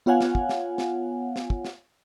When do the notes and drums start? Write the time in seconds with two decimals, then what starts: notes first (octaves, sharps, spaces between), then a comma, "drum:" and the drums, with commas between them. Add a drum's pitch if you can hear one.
0.06 B3 F4 C#5 F5 F#5 G#5
0.21 drum: snare
0.35 drum: kick
0.49 drum: snare
0.78 drum: snare
1.36 drum: snare
1.50 drum: kick
1.65 drum: snare